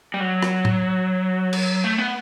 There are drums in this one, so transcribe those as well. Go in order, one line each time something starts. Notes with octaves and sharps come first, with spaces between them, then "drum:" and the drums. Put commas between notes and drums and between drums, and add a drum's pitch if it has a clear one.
G3
F#3
drum: rim click
drum: tom A2
drum: cymbal
A3
B3